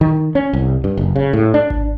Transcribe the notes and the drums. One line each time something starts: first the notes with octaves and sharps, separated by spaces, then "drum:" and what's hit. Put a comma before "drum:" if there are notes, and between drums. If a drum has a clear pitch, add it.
D#3
C#4
C2
G2
F#1
C#3
A2
D4
drum: kick G#1